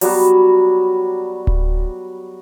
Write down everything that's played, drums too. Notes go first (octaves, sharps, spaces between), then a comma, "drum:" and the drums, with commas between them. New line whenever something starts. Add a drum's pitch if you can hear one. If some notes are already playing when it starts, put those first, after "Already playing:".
F#3 G3 B3 F#4, drum: open hi-hat
drum: kick D1